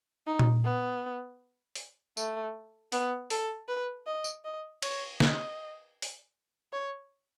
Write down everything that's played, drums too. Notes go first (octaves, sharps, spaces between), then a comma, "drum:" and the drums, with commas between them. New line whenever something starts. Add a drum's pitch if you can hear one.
D#4
drum: tom A#2
B3
drum: open hi-hat
A3, drum: tambourine
B3, drum: open hi-hat
A4, drum: open hi-hat
B4
D#5
drum: tambourine
D#5
C#5, drum: cymbal
D#5, drum: snare
drum: open hi-hat
C#5